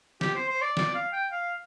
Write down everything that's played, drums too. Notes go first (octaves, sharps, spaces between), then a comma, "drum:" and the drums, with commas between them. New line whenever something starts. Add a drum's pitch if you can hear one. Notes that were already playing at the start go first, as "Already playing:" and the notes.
G4, drum: snare
C5
C5
D5
D5, drum: snare
F5
G5
F5